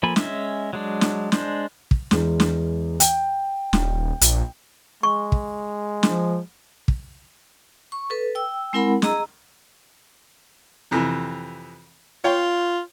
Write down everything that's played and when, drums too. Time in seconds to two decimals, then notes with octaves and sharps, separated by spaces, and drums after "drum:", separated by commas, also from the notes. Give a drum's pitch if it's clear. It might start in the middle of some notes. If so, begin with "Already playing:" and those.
0.03 F3 A#3 A4 G#5 B5
0.16 G#3 C#4 E5, drum: snare
0.73 F#3 G#3 D4
1.01 drum: snare
1.32 G#3 D4 C5, drum: snare
1.91 drum: kick
2.11 E2 G#3, drum: snare
2.40 drum: snare
3.00 G5, drum: hi-hat
3.73 D#1, drum: snare
4.21 A#1, drum: hi-hat
5.03 G#3 C#6
5.32 drum: kick
6.03 F3, drum: snare
6.88 drum: kick
7.92 C#6
8.10 A4 B4
8.35 G5 E6
8.73 G#3 C4 E4 A#4 F#5 B5
9.02 G#4 D#5 A#5 E6, drum: snare
10.91 F2 C3 E3
12.24 F4 C#5 F5 G5